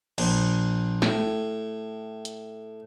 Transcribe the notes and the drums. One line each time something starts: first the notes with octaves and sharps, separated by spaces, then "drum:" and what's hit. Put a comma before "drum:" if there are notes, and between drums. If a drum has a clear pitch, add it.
A#1, drum: cymbal
A2, drum: snare
drum: hi-hat